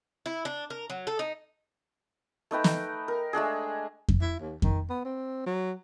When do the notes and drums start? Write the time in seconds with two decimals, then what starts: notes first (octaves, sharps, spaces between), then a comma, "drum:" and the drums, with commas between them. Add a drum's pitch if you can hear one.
0.26 E4
0.45 D4
0.70 A#4
0.90 F#3
1.07 A4
1.19 D#4
2.51 A3 D#4 B4 G5
2.64 drum: snare
3.08 A#4
3.33 G#3 A3 D4 G#4
4.08 drum: kick F2
4.21 E4
4.40 D#2
4.62 D#3, drum: kick F2
4.90 B3
5.05 C4
5.46 F#3